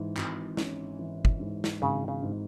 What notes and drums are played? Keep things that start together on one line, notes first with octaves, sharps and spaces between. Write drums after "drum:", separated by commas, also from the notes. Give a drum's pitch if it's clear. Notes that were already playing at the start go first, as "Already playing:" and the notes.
Already playing: G#2 E3
G#1, drum: clap
C#4, drum: snare
E3
drum: kick
G#2
drum: snare
G#1 C#3
C#3
G#2